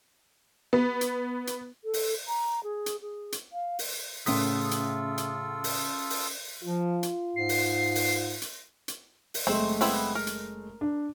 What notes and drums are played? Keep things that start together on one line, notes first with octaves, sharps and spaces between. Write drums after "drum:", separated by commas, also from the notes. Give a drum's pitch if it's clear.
B3
drum: hi-hat
drum: hi-hat
A4
drum: open hi-hat
A#5
G#4
drum: hi-hat
G#4
drum: hi-hat
F5
drum: open hi-hat
A2 C#3 C#4 F4 A4 D#6 B6, drum: open hi-hat
drum: hi-hat
drum: hi-hat
drum: open hi-hat
drum: open hi-hat
F3 F4
drum: hi-hat
G#2 C7
drum: open hi-hat
drum: open hi-hat
drum: hi-hat
drum: hi-hat
drum: open hi-hat
F#1 G#3 A3 C4 C5
B3 C4 E4, drum: open hi-hat
A#4
drum: hi-hat
D4